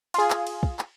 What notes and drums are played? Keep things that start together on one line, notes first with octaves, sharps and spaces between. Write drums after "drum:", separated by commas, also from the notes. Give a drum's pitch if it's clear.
F4 G#4, drum: cymbal
drum: clap
drum: cymbal
drum: kick
drum: clap